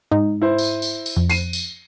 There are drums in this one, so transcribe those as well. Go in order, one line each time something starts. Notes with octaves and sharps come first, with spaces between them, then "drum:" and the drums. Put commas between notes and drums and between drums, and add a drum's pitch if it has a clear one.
G#2 D#4
E4 C5
drum: tambourine
drum: tambourine
drum: tambourine
F2
C7 D#7, drum: tambourine
drum: tambourine